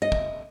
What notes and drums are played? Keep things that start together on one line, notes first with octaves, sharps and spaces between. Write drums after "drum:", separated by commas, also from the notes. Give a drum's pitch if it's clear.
D#5
drum: kick